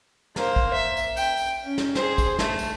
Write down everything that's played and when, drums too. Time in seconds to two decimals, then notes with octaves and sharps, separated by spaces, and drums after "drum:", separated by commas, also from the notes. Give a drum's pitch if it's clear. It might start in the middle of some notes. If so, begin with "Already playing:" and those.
0.36 A#3 C5, drum: snare
0.56 drum: kick
0.73 E5
0.97 drum: tambourine
1.17 G5, drum: tambourine
1.37 drum: tambourine
1.64 C#4
1.78 drum: snare
1.95 G#4 C5, drum: snare
2.18 drum: kick, tambourine
2.39 A3, drum: snare
2.59 drum: tambourine